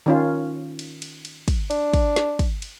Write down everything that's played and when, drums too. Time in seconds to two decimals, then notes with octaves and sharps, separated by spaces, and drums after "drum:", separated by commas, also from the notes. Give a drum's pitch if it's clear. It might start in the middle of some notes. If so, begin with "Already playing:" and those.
0.06 D#3 C#4 F4
0.79 drum: cymbal
1.02 drum: cymbal
1.25 drum: cymbal
1.48 drum: kick, cymbal
1.71 D4, drum: cymbal
1.94 drum: kick, cymbal
2.16 drum: snare
2.39 drum: kick, cymbal
2.62 drum: cymbal